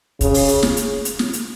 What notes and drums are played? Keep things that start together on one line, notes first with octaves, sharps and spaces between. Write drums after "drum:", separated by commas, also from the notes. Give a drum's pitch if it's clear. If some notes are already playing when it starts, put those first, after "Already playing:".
C#3, drum: kick, hi-hat
drum: open hi-hat
drum: hi-hat
drum: snare
drum: hi-hat
drum: hi-hat
drum: snare
drum: hi-hat